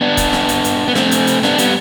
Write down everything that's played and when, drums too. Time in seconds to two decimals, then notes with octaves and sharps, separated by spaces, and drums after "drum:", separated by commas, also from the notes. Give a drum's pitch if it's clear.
0.01 B3 D4
0.17 drum: kick, hi-hat
0.33 drum: snare
0.49 drum: hi-hat
0.64 drum: hi-hat
0.88 B3
0.95 A3 C4, drum: snare
1.11 drum: hi-hat
1.27 drum: hi-hat
1.43 B3 D4, drum: snare
1.58 G3 B3, drum: hi-hat